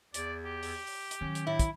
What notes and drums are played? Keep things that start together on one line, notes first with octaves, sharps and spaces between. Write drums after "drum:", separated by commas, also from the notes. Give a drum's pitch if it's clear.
E2 D5, drum: hi-hat
G4
drum: open hi-hat
drum: open hi-hat
drum: hi-hat
D#3 F#3 C#4
drum: hi-hat
A2 E4
drum: kick, hi-hat